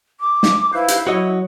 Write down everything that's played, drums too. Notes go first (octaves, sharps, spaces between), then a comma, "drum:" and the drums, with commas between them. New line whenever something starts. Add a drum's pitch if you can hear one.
D6
drum: snare
E4 B4 C5 F5
drum: hi-hat
F#3 F#4 C#5 D#5